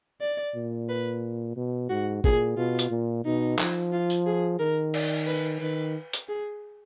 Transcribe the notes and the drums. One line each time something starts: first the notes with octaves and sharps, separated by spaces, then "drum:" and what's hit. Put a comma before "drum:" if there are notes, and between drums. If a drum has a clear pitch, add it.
D5
A#2
B4
B2
G#2 F#4
A#2 G#4, drum: kick
B2 F4
drum: hi-hat
A#2
B2 D#4
F3, drum: clap
F4
drum: tambourine
G#4
D#3 A#4
D5, drum: cymbal
B4
D#3 B4
drum: hi-hat
G#4